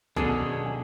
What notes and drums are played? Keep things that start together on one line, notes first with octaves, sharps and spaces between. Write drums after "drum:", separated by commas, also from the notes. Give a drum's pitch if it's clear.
B2 D3 D#3 F#3 C#4 D4 G#4 A4, drum: kick